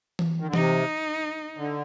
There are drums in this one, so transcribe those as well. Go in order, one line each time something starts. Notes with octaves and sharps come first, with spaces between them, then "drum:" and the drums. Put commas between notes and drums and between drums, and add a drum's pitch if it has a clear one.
drum: tom E3
D#3
D3
C3 D#4, drum: tom E3
D3